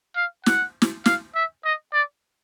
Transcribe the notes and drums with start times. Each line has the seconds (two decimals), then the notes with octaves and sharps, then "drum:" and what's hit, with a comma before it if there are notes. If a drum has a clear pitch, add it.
0.16 F5
0.46 F#5, drum: snare
0.82 drum: snare
1.06 F5, drum: snare
1.35 E5
1.65 D#5
1.93 D5